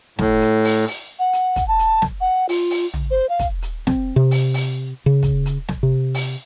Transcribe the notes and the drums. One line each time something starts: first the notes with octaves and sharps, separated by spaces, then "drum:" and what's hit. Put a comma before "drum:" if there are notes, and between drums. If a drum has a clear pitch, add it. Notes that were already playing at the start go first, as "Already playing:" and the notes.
A2, drum: snare
drum: hi-hat
drum: open hi-hat
drum: open hi-hat
F#5
drum: hi-hat
drum: kick, hi-hat
A5
drum: hi-hat
drum: snare
F#5
F4, drum: open hi-hat
drum: open hi-hat
drum: tom
C5
F5
drum: kick, hi-hat
drum: hi-hat
C4, drum: snare
C3
drum: open hi-hat
drum: open hi-hat
C#3
drum: kick, hi-hat
drum: hi-hat
drum: snare
C3
drum: open hi-hat